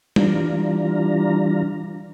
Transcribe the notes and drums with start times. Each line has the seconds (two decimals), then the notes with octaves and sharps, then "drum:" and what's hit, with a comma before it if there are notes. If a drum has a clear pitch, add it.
0.16 E3 G3 D4 F4 A#5, drum: tom G3